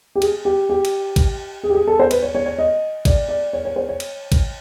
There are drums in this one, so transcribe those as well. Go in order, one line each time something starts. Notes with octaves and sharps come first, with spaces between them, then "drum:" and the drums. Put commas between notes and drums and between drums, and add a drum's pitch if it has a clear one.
G4
G#4, drum: cymbal
G4
G4
drum: cymbal
drum: kick A1, cymbal
G#4
G4
G#4
A4
C5
B4, drum: cymbal
C#5
C#5
C#5
D#5
D5, drum: kick A1, cymbal
D5
C#5
C#5
C5
C#5
drum: cymbal
drum: kick A1, cymbal